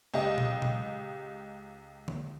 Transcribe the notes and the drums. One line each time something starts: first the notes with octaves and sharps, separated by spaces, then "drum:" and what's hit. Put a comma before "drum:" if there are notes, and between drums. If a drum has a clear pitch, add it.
C#2 G4 D#5
drum: tom A#2
drum: tom A#2
drum: tom D3